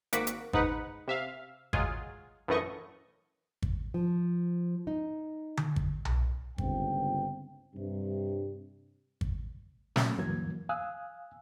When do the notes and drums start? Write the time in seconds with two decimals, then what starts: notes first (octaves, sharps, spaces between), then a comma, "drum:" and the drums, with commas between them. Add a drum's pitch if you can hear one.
0.13 G#1 A#3 F#4 D6 B6, drum: hi-hat
0.27 drum: hi-hat
0.53 G#2 D#4 B4 F#5, drum: kick
1.08 C3 E5 F5
1.73 F#3 G#3 F4 G#4, drum: kick
2.48 A#1 F#2 E3 A3 D#5 C#6
3.62 drum: kick
3.94 F3
4.87 D#4
5.57 drum: tom D3
5.76 drum: kick
6.05 drum: tom B1
6.58 G1 C#2 C4 G5, drum: kick
7.74 G2 C3
9.21 drum: kick
9.96 F#3 A3 A#3 C#4, drum: snare
10.18 D2 G2 E3 F#3 A#3 G#6
10.69 F5 G#5 D#6 E6 F#6